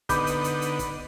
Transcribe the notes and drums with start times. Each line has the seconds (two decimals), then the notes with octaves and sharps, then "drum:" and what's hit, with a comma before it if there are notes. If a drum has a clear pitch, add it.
0.09 D3 B3 D#4 B5 D6 G6, drum: kick, hi-hat
0.27 drum: hi-hat
0.44 drum: hi-hat
0.62 drum: hi-hat
0.79 drum: kick, hi-hat